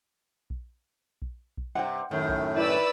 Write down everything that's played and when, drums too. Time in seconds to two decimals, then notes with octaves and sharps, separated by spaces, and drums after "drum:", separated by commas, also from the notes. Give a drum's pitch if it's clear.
0.50 drum: kick A#1
1.22 drum: kick A#1
1.57 drum: kick A#1
1.75 G2 C3 F#5 G5
2.11 F#2 A2 D#3 A3
2.29 drum: kick A#1
2.57 E4 B4 D5 E6